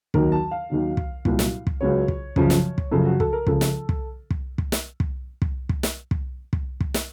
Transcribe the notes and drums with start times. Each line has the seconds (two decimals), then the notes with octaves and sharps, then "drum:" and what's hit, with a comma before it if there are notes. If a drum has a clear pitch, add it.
0.14 D#2 D#3 F#3 A#4, drum: kick
0.32 A5
0.51 F5
0.70 D#2 D#3 F#3
0.97 drum: kick
1.25 C2 A#2 F#3, drum: kick
1.39 drum: snare
1.67 drum: kick
1.81 C#2 C#3 F#3 C#5
2.08 drum: kick
2.36 F#2 C#3 F3, drum: kick
2.50 drum: snare
2.78 drum: kick
2.91 F#2 C#3 F3 A4
3.05 F#4
3.20 A4, drum: kick
3.33 A#4
3.47 C#2 C#3 F3 A4, drum: kick
3.61 drum: snare
3.89 drum: kick
4.31 drum: kick
4.58 drum: kick
4.72 drum: snare
5.00 drum: kick
5.42 drum: kick
5.69 drum: kick
5.83 drum: snare
6.11 drum: kick
6.53 drum: kick
6.80 drum: kick
6.94 drum: snare